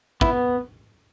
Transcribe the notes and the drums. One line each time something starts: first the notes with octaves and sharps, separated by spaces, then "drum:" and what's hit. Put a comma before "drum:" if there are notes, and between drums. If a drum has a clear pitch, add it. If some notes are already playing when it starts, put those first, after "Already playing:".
B3 E4, drum: kick